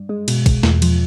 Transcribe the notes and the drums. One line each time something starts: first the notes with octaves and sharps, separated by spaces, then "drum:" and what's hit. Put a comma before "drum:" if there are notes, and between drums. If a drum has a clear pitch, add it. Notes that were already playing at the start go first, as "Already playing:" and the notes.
Already playing: G2
G#3
B2, drum: cymbal
B2, drum: kick, cymbal
E2, drum: snare
F3, drum: cymbal